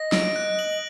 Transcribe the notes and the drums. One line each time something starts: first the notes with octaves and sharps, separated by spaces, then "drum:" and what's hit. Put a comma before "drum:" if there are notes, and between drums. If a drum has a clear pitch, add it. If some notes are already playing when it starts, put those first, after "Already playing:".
Already playing: D#5 A#6
D7, drum: snare
F#6
F#7